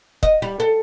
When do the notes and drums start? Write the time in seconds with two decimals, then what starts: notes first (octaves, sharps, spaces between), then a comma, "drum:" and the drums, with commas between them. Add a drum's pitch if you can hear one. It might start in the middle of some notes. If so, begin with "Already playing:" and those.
0.23 D#5, drum: kick
0.42 G3
0.60 A4